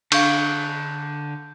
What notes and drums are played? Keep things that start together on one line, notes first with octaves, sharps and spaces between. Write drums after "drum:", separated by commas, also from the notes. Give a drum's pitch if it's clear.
D3 D4 F5 C#6 G6, drum: cymbal